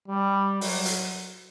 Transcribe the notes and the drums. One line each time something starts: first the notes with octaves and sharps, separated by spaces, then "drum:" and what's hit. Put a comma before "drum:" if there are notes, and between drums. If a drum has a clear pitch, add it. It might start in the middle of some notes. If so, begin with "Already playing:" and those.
G3
F#3, drum: open hi-hat
drum: hi-hat